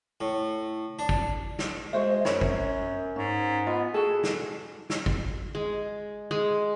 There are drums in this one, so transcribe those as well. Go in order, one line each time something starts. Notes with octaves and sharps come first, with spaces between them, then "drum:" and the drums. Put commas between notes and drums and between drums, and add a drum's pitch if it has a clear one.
A2
D4
drum: kick
drum: snare
G#3 F#4 C5 E5
F#2 C#5 B5, drum: snare
drum: kick
G#2 C#4
B3 F4 D#5
F#4 G#4 A4
drum: snare
drum: snare
drum: kick
G#3
G#3